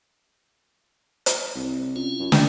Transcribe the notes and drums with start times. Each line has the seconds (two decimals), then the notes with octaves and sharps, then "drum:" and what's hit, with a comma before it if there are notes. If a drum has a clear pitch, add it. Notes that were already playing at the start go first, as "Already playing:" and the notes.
1.26 drum: hi-hat
1.55 C2
1.96 C#4 F4
2.19 F#2
2.32 E1, drum: snare